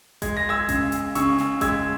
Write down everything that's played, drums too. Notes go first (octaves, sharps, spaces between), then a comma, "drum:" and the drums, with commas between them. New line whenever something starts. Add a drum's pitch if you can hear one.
G#3 G#6, drum: kick A1, hi-hat
A#6
E6 G#6
C#3, drum: kick A1, hi-hat
drum: hi-hat
C#3 C#6 E6, drum: hi-hat
drum: snare
G#3 E6 G#6, drum: kick A1, hi-hat